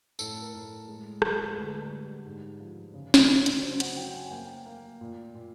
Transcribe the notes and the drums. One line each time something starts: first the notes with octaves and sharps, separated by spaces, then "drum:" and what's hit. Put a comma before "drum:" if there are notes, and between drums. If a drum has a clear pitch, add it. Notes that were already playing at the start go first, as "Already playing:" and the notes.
A2 A4, drum: tambourine
A#4
A2
G#3
G#3, drum: rim click
D2 B4
G3
G#2
F3
C#3
drum: snare
C#3
drum: hi-hat
F#3 C5
F#5, drum: hi-hat
F#3 G5
G#5
G#5
A#3 G5
A#3
A#2
A#2